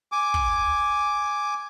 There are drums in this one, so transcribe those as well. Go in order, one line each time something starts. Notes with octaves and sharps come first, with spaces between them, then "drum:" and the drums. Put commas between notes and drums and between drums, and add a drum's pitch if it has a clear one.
G#5 D6
drum: kick